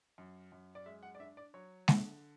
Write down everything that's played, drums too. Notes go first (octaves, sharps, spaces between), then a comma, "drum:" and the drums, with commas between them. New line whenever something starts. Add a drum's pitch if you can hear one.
F#2
F#2
D5
G#3 E5
F#5
D5
D4 E5
D5
F#3 C#5
D3, drum: snare G#3